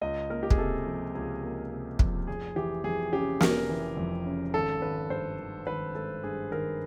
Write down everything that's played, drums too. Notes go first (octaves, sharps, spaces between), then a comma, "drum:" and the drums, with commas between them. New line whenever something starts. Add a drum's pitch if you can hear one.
C#2 D#5
A#3 A#4
G4
G#4, drum: kick
C3 A4
F3
C#2 G#4
A#3
C3
F3, drum: kick
F1 G#4
E3 G4
F2 G#4
C#3 G4
F1 A#4, drum: snare
E3
F2
C#3
G#1 A4
G#1 B4
G2 C5
D#3
G#1 B4
G#1 A4
G2 G#4
D#3 A#4